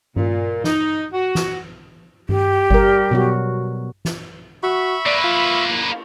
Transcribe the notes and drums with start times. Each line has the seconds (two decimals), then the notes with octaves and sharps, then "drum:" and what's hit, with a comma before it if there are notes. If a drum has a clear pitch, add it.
0.16 A#2, drum: tom G2
0.64 D#4, drum: snare
1.13 F#4
1.35 drum: snare
2.29 G4, drum: tom G2
2.70 G3 A#4, drum: kick G1
3.11 B2 F#3 F#4
4.05 drum: snare
4.63 F#4 E5 B5 C#6
5.06 A#3 B4 D5
5.24 F4
5.69 drum: cymbal